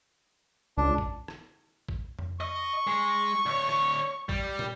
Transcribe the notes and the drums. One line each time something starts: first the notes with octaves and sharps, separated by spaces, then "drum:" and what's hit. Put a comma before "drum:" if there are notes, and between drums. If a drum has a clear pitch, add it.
C#2 D4
drum: kick A1
drum: rim click
drum: kick A1
drum: tom F2
D#5 C#6
G#3
D2 C#5
drum: rim click
G3, drum: kick A1
drum: tom